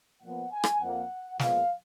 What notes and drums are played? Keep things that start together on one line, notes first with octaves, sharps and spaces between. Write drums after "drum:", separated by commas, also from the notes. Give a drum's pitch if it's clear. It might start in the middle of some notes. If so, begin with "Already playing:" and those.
A#2 F3 B3 F#5
G#5
drum: rim click
F2 F3 A#3 F#5
A#2 F3 G#3 B3 F5, drum: snare